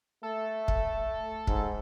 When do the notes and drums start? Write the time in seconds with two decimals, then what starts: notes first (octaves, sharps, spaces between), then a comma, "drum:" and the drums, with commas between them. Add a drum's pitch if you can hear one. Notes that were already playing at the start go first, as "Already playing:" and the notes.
0.23 A3 A4
0.68 drum: kick
1.47 G#2, drum: kick